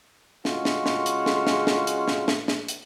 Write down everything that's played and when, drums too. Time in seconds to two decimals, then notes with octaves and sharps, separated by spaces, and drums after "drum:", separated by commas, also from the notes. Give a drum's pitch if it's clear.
0.45 C#3 G#3 F4 F#4, drum: snare
0.65 drum: snare
0.86 drum: snare
1.06 drum: hi-hat
1.26 drum: snare
1.47 drum: snare
1.67 drum: snare
1.87 drum: hi-hat
2.08 drum: snare
2.28 drum: snare
2.48 drum: snare
2.68 drum: hi-hat